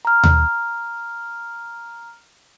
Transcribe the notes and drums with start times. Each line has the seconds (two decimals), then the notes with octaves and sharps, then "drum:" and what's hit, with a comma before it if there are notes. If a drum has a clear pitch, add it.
0.05 A#5 F6
0.24 drum: tom D#2